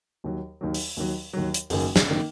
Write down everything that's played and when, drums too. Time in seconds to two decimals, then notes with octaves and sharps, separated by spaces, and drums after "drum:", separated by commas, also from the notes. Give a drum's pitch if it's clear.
0.24 D#2 D#3 F#3
0.61 D#2 D#3 F#3
0.74 drum: open hi-hat
0.97 D#2 D#3 F#3
1.33 D#2 D#3 F#3
1.54 drum: hi-hat
1.70 F#1 F#2 D#3 A#3, drum: open hi-hat
1.96 drum: snare
2.10 D#3 A#3